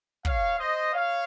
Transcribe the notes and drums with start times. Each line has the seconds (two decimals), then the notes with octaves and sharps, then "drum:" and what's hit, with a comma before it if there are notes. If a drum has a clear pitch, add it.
0.25 C#5 F5, drum: kick
0.59 C5 D#5
0.94 C#5 F5